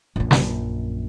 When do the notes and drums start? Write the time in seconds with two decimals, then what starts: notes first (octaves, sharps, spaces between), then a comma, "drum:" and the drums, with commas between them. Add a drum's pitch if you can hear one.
0.16 A#1 F#2
0.31 drum: snare